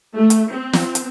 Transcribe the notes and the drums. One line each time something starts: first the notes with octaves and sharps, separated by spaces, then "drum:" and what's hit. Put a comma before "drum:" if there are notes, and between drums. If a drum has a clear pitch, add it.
A3
drum: hi-hat
C4
drum: snare
drum: hi-hat